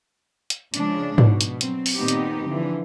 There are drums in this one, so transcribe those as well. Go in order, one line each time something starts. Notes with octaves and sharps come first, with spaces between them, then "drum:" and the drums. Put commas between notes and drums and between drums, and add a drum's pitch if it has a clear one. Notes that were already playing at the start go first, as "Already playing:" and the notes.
drum: hi-hat
C#3 F3 G#3 D4, drum: hi-hat
B2, drum: tom G#2
drum: hi-hat
F#3 C4, drum: hi-hat
drum: open hi-hat
A#2 D#3 B3 C4 D#4 G4
drum: hi-hat
D3 E3 F3